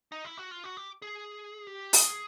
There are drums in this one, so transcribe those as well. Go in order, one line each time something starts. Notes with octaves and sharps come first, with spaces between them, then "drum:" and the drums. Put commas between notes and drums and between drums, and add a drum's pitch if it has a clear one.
D#4
E4
F#4
F4
F#4
G4
G#4
G4
G#4, drum: open hi-hat